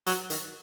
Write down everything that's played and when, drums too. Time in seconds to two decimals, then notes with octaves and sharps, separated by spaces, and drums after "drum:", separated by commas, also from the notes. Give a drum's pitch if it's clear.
0.06 F#3, drum: hi-hat
0.30 D#3, drum: hi-hat